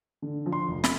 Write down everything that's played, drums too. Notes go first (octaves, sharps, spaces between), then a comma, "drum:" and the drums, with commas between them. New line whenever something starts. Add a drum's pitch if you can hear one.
D3
F3
C6
F1
B5, drum: snare